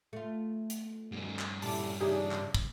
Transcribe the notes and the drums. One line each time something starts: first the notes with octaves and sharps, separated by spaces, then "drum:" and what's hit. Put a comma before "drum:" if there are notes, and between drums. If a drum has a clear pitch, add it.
A3 F4
drum: hi-hat
D2 G2 D#3 B3 C#4
drum: clap
A#2 D3 E4 G4 A5 D6, drum: open hi-hat
A#2 C#3 D4 D#4 G4 G#4 E5
drum: clap
drum: kick